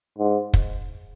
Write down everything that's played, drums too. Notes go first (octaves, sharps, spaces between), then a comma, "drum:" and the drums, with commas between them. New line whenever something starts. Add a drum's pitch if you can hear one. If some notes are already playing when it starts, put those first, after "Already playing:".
G#2
drum: kick